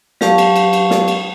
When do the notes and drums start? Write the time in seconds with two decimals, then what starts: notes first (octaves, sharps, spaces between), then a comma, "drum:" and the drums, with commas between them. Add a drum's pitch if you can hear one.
0.21 F#3 G4 F5 A5 C#6, drum: snare
0.38 drum: cymbal
0.56 drum: cymbal
0.73 drum: cymbal
0.90 drum: snare
1.08 drum: cymbal